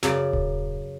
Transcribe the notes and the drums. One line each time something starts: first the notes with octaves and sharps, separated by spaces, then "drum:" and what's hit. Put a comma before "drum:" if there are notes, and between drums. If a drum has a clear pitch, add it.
F#2 C#3 D5, drum: snare
drum: kick D#1